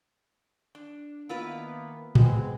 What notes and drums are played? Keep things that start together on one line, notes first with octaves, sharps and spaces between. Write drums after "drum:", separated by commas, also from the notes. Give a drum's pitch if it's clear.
D4
D#3 A#3 B3 E4 F4 B4
G#3 B3 C4, drum: tom A2